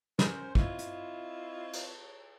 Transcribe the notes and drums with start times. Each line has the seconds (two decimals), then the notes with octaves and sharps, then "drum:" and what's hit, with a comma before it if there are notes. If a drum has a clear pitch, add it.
0.19 C#4 A#4 C5, drum: snare
0.55 C4 E4 F4 C#5 D#5, drum: kick
0.79 drum: hi-hat
1.73 drum: cymbal